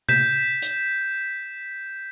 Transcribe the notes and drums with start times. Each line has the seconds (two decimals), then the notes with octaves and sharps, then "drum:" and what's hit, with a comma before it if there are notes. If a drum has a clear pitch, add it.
0.09 G6 B6 E7, drum: tom C3
0.62 drum: hi-hat